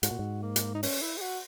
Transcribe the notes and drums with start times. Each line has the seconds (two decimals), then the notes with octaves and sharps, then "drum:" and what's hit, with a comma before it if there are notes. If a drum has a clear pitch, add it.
0.03 G#2 F#4, drum: hi-hat
0.11 A#2
0.19 G#2
0.42 A#3
0.56 drum: hi-hat
0.74 D#4
0.83 C#4, drum: open hi-hat
1.02 E4
1.17 G#4
1.21 F#4